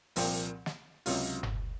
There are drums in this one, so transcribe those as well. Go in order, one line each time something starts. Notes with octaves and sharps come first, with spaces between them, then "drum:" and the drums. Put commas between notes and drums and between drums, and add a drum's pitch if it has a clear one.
C2 A#2 F3 C4, drum: open hi-hat
drum: snare
C#2 C3 F#3 C#4 F4, drum: open hi-hat
drum: tom F#1